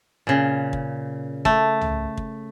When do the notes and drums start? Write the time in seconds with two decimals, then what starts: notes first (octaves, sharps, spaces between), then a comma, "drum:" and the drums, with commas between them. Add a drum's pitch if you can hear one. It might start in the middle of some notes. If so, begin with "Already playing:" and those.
0.27 A#2 C#3
0.73 drum: kick
1.45 A3, drum: kick
1.81 drum: tom
2.17 drum: kick